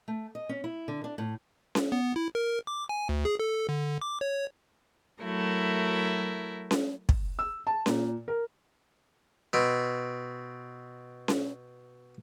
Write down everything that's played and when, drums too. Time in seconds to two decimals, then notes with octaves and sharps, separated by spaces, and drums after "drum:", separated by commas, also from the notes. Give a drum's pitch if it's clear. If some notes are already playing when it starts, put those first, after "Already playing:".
0.08 A3
0.35 D#5
0.49 C#4
0.64 E4
0.88 D3
1.04 D4
1.18 A2
1.75 drum: snare C#4
1.92 B3
2.16 E4
2.35 A#4
2.67 D6
2.89 G#5
3.09 D2
3.25 G#4
3.39 A4
3.69 D3
4.01 D6
4.21 C#5
5.22 F#3 A3 E4 A#4
6.71 drum: snare C#4
7.09 drum: kick
7.39 E6
7.67 A5
7.86 A#2, drum: snare C#4
8.28 A#4
9.53 B2 C4
11.28 drum: snare C#4